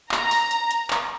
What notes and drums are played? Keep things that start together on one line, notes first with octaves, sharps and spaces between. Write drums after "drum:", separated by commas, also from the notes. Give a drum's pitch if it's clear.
A#5, drum: clap
drum: open hi-hat
drum: hi-hat
drum: hi-hat
drum: clap